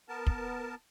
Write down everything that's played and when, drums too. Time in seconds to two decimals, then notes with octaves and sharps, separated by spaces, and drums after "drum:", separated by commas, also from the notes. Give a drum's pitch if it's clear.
0.09 B3 A#4 A5
0.27 drum: kick